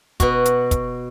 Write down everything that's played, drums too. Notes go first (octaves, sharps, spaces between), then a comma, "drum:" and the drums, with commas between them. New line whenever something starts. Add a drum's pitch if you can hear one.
B2 F#4, drum: kick, hi-hat
drum: hi-hat
drum: kick, hi-hat